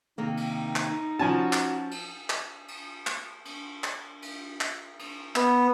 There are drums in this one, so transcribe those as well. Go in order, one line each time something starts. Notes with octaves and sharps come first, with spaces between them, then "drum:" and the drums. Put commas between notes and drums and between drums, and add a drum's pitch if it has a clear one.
C3 D#3 A#3 D#4
drum: cymbal
drum: clap
F3 C#4 F#4 G#5 A5
drum: clap
drum: cymbal
drum: clap
drum: cymbal
drum: clap
drum: cymbal
drum: clap
drum: cymbal
drum: clap
drum: cymbal
B3, drum: clap